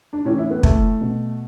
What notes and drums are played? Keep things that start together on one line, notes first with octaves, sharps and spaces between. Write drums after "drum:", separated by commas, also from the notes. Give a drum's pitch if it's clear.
D4
A2 E3 C#4
E4
B3
A3, drum: kick
B2